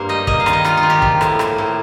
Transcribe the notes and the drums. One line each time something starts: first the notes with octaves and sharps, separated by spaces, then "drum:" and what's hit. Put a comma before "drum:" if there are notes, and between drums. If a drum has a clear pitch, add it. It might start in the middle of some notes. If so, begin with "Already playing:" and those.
Already playing: G2 A#3 C5
D#4 D#5
A#3 D#5, drum: kick
F5
D#3, drum: rim click
D#5
D#4 F4, drum: rim click
F4
D#3
G4
F3, drum: kick
A2, drum: rim click
A#3, drum: rim click
A2